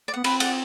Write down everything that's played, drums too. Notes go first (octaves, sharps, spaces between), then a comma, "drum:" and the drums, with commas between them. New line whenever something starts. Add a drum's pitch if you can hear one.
D5
B3 F#5
C4 B4, drum: cymbal
D5 F#5, drum: cymbal